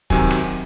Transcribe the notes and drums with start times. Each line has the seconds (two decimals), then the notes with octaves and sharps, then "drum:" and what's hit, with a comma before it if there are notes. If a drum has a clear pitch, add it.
0.10 C3 D#3 F#3 G#5, drum: kick
0.31 drum: rim click